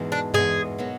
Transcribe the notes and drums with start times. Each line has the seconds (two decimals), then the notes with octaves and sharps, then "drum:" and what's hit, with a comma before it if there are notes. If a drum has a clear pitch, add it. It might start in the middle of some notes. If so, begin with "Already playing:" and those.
Already playing: E2 G#2 B2 E3 G#3
0.12 D4
0.34 E2 B2 G#3 G#4, drum: tom G2
0.78 B2 F#3 B3